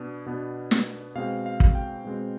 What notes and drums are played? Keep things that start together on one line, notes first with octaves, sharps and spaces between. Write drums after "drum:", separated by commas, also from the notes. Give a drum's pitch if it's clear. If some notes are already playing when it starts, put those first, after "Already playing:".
Already playing: B2 B3 D4
B2 B3 D4
drum: snare
B2 G#3 C4 F5
F5
drum: kick
G5
B2 G#3 C4